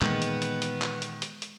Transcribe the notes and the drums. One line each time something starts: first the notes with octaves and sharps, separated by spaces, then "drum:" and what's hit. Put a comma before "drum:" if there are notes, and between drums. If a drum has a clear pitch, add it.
A#2 D#3 E3 G#3 A#3 B3, drum: clap
drum: hi-hat
drum: hi-hat
drum: hi-hat
drum: clap
drum: hi-hat
drum: hi-hat
drum: hi-hat